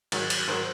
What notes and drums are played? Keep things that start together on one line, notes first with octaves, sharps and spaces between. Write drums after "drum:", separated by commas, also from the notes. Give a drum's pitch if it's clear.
G#2 D#3 F#3, drum: cymbal
drum: cymbal
G#2 D#3 F#3 A#4 C5